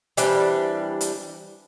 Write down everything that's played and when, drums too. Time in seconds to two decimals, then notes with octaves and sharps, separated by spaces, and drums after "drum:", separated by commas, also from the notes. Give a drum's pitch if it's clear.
0.17 E3 G3 C4 D4, drum: hi-hat
1.01 drum: hi-hat